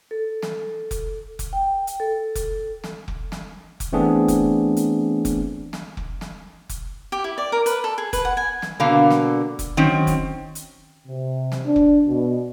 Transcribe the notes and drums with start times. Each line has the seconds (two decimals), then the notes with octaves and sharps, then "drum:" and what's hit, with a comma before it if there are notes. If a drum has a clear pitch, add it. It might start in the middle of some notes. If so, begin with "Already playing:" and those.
0.11 A4
0.43 drum: snare
0.91 drum: kick F1, hi-hat
1.39 drum: kick F1, hi-hat
1.53 G5
1.87 drum: hi-hat
2.00 A4
2.35 drum: kick F1, hi-hat
2.84 drum: snare
3.08 drum: kick F1
3.32 drum: snare
3.80 drum: kick F1, hi-hat
3.92 E3 A3 B3 C4 D4 G#4
4.28 drum: kick F1, hi-hat
4.77 drum: hi-hat
5.25 drum: kick F1, hi-hat
5.73 drum: snare
5.97 drum: kick F1
6.21 drum: snare
6.69 drum: kick F1, hi-hat
7.12 G4
7.24 E4
7.38 D5
7.52 A#4
7.66 B4, drum: hi-hat
7.84 A4
7.98 G#4
8.13 B4, drum: kick F1, hi-hat
8.25 F#5
8.37 G#5
8.62 drum: snare
8.80 B2 D3 A#3 F5
9.11 drum: snare
9.59 drum: kick F1, hi-hat
9.77 D#3 F#3 C4 C#4
10.07 drum: kick F1, hi-hat
10.55 drum: hi-hat
11.08 C3
11.52 drum: snare
11.65 D4
11.76 drum: kick F1
12.08 B2